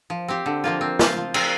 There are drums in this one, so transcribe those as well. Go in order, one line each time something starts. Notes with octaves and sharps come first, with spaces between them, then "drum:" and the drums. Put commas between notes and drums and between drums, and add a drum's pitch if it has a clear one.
F3
C4 G4
D3
F3 A#3 F4
C4
F4 C5 F5, drum: snare
F3
C4 A#4 F5, drum: cymbal